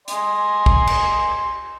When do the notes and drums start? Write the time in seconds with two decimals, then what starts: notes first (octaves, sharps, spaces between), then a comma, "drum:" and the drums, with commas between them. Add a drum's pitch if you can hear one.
0.08 D#5 G#5 C6, drum: hi-hat
0.66 drum: kick
0.87 drum: cymbal